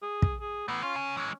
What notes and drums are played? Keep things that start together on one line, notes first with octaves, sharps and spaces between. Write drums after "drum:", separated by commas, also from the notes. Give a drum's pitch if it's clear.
G#4
drum: kick
G#4
E3 A3 B3
C#4 F4
C#3 G#5
E3 G#3